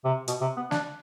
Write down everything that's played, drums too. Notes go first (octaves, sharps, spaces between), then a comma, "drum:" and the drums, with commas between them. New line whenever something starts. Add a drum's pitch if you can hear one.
C3
B2, drum: hi-hat
C3
B3
D4, drum: snare